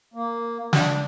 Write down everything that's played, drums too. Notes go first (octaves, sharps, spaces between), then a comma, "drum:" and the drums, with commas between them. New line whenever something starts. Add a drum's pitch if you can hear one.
A#3
D4, drum: snare